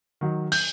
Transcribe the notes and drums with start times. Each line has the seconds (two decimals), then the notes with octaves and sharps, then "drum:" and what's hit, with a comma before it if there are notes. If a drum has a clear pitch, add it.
0.21 D#3 F#3
0.52 G6, drum: open hi-hat